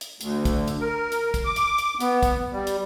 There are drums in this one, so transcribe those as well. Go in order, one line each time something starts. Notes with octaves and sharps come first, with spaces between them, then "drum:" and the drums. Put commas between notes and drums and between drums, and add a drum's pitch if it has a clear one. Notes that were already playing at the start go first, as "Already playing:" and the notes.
drum: hi-hat
D2, drum: hi-hat
drum: kick, hi-hat
drum: hi-hat
A#4
drum: hi-hat
drum: kick, hi-hat
D6
drum: hi-hat
drum: hi-hat
B3, drum: hi-hat
drum: kick, hi-hat
G3
drum: hi-hat